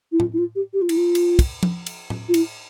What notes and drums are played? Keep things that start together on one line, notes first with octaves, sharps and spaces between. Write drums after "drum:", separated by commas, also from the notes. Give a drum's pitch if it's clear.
E4
F4, drum: tom A2
E4
F4
G4
G4
F4
E4, drum: cymbal
F4
drum: cymbal
drum: kick, cymbal
drum: tom F3
drum: cymbal
drum: tom A2
F4
E4, drum: cymbal